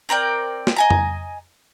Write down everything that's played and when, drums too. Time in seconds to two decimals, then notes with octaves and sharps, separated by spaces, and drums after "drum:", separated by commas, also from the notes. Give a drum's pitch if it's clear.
0.09 C4 A#4 D5 G5
0.67 drum: snare
0.76 D#5 G#5 A#5
0.90 drum: tom F2